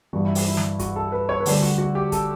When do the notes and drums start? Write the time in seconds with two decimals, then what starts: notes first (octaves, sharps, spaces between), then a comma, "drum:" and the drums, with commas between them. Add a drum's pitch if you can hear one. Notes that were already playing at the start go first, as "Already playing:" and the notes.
0.13 G2 E3 G3 F#4
0.25 E4
0.35 drum: open hi-hat
0.48 E4
0.57 drum: snare
0.79 F#4, drum: kick, hi-hat
0.96 A4
1.12 B4
1.29 C#5
1.40 B4
1.46 D2 D3 G3 A4, drum: open hi-hat
1.63 F#4
1.78 F#4
1.95 G4
2.12 A4, drum: kick, hi-hat